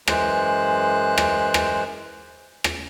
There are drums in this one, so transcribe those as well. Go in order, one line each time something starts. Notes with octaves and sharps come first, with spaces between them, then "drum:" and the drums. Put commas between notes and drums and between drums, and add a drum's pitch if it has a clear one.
F#2 E3 G#3 C5 F#6, drum: rim click
drum: rim click
drum: rim click
drum: rim click